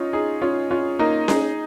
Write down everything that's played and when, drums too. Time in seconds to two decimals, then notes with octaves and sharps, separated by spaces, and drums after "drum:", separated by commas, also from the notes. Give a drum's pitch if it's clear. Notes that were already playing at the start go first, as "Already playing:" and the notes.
Already playing: C#4 D#4 F4
0.13 D#4 G#4
0.42 C#4 F4
0.71 C#4 F4
0.99 A#3 D#4
1.28 D#4 G#4, drum: snare C#4